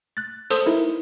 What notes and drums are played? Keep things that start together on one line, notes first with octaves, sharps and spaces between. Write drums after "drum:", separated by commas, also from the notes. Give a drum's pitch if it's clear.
F#6 A6
A4 C5 D#6, drum: hi-hat
D#4 E4 A#4